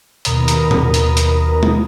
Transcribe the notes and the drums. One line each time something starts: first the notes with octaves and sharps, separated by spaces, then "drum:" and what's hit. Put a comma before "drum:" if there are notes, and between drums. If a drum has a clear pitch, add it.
D#2 B2 A#4 A#5 B5 D#6, drum: hi-hat
drum: hi-hat
drum: tom A2
drum: hi-hat
drum: hi-hat
drum: tom G#3